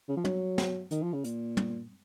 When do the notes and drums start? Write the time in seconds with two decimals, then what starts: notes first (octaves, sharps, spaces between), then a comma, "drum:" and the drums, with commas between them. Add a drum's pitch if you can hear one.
0.08 C#3
0.17 F3
0.25 F#3, drum: tom
0.58 drum: snare
0.91 D#3, drum: hi-hat
1.02 F3
1.13 C#3
1.24 A#2, drum: hi-hat
1.57 drum: tom